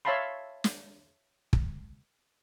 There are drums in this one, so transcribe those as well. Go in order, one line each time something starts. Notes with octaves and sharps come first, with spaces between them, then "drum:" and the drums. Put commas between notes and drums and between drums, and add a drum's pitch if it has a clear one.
C#5 E5 F5 A5 B5 C6
drum: snare
drum: kick